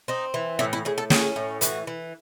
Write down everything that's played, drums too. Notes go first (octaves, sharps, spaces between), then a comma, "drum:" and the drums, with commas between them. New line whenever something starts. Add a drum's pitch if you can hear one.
C4 D#4
E3
A2 E4
E4
A2 G#4
A4
C#4 G#4, drum: snare
A2
E3 F#4, drum: hi-hat
E3